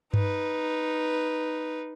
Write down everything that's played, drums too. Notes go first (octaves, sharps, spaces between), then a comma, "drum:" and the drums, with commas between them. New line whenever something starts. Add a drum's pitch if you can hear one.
D#4 B4, drum: tom G2